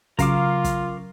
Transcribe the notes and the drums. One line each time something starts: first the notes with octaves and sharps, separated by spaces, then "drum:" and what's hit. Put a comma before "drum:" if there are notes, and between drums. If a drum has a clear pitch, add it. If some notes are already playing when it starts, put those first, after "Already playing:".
C#3 F#3 F4 A#4 F5 D6, drum: kick, hi-hat
drum: kick, hi-hat